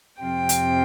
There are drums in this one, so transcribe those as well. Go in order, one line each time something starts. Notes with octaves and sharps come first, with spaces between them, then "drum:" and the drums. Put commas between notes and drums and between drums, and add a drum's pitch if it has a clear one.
F2 C3 F3 C4 F4 G5
drum: hi-hat